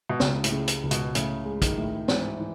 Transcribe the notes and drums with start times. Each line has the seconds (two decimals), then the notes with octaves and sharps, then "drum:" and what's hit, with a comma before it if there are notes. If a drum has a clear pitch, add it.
0.09 B2
0.20 C#2 C#3, drum: snare
0.44 A2, drum: hi-hat
0.52 C#3
0.68 drum: hi-hat
0.83 C#2
0.91 B2, drum: hi-hat
1.15 A2 C#3, drum: hi-hat
1.45 G#3
1.62 D#3, drum: kick, hi-hat
1.77 A2
2.08 G#2 E3, drum: snare
2.40 E3